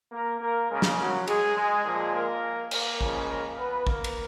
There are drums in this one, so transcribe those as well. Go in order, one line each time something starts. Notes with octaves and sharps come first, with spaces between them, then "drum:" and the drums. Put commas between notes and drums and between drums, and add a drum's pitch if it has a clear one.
A#3 A#4
A#3 A#4
C#3 G#3 A#3 A#4
drum: snare
F#3 F#4
G#3 G#4, drum: cymbal
G#3 G#4
A#2 F3 G#3
A#3 A#4
A#3 A#4, drum: cymbal
C#3 F3 G#3, drum: kick
A#3 A#4
B3 B4
A#3 A#4, drum: kick
drum: cymbal